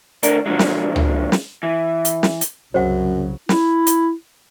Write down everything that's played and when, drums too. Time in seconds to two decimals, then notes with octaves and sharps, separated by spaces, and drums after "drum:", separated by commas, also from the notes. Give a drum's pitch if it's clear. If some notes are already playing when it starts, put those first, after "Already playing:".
0.23 D2 D4 A#4, drum: hi-hat
0.46 B2 D3 F3 F#3 G#3
0.59 drum: snare
0.96 drum: tom C#2
1.32 drum: snare
1.63 E3
2.05 drum: hi-hat
2.23 drum: snare
2.41 drum: hi-hat
2.74 C2 F#2 C#3 F#3 C5 F#5
3.49 E4, drum: snare
3.87 drum: hi-hat